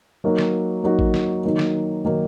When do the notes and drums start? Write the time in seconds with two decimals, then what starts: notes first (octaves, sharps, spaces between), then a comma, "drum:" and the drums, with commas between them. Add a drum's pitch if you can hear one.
0.24 F#3 A#3 D#4 F#4
0.38 drum: snare
0.84 F#3 A#3 D#4 F#4
0.99 drum: kick A1
1.14 drum: snare
1.44 D#3 F#3 A#3 D#4
1.59 drum: snare
2.05 D#3 F#3 A#3 D#4